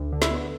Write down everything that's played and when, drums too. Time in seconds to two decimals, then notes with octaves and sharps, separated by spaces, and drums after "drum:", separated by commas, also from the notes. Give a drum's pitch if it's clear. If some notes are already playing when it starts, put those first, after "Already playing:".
Already playing: D2
0.12 D3
0.22 E4 E5, drum: snare
0.31 B3